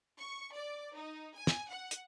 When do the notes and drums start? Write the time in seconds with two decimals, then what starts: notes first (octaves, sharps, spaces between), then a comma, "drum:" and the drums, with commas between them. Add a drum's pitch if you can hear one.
0.18 C#6
0.53 D5
0.96 D#4
1.36 G#5
1.47 drum: snare
1.69 F#5
1.91 drum: hi-hat